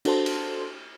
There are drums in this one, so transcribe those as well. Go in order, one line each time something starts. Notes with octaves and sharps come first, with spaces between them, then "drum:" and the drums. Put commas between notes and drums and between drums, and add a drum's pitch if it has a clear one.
D4 F#4 A4 C5 A5 C6, drum: cymbal
drum: cymbal